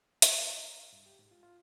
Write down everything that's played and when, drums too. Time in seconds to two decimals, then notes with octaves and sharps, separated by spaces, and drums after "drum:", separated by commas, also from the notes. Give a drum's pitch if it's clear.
0.22 A5, drum: hi-hat
0.36 D#5
0.48 D#5
0.62 A#5
0.77 F5
0.93 G2
1.06 G4
1.19 G#2
1.31 F4
1.43 F4